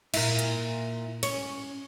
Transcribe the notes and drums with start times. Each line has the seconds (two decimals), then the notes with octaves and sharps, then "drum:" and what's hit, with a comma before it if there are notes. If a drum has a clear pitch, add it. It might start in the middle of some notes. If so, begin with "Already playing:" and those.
0.14 A#2 E4, drum: cymbal
0.39 drum: hi-hat
1.23 C#4, drum: cymbal